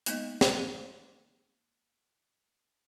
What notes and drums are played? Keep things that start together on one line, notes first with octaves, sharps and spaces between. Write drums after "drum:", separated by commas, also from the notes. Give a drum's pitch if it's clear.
G#3 A#3 B3 D#4 D#5, drum: hi-hat
drum: snare